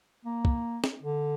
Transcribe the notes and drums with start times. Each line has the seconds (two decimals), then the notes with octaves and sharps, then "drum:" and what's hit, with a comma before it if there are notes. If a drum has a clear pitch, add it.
0.25 A#3
0.45 drum: kick
0.84 drum: snare
1.03 D3